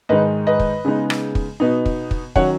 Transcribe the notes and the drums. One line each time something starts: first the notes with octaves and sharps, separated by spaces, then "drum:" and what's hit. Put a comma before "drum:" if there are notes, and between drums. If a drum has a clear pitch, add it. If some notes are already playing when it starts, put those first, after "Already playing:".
G#2 D#3 G#3 D#4 B4 D#5
B4 D#5
drum: kick
C#3 G#3 B3 D#4
drum: rim click
drum: kick
B2 B3 D#4
drum: kick
drum: kick
D#3 F#3 C#4 C#5 F#5, drum: kick